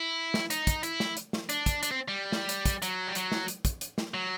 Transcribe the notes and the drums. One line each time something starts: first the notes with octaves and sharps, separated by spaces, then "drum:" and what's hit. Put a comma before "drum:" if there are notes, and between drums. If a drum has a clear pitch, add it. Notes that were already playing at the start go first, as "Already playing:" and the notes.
Already playing: E4
drum: snare
D#4, drum: hi-hat
drum: kick, hi-hat
E4, drum: hi-hat
drum: snare
drum: hi-hat
drum: snare
D4, drum: hi-hat
drum: kick, hi-hat
D4, drum: hi-hat
C4
G3
drum: snare
drum: hi-hat
drum: kick, hi-hat
F#3, drum: hi-hat
G3
F#3, drum: hi-hat
drum: snare
drum: hi-hat
drum: kick, hi-hat
drum: hi-hat
drum: snare
F#3